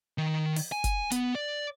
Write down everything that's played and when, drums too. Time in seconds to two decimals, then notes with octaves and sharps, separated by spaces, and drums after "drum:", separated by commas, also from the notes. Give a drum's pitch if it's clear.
0.18 D#3
0.56 drum: open hi-hat
0.72 G#5
0.84 drum: kick, hi-hat
1.12 B3, drum: hi-hat
1.35 D5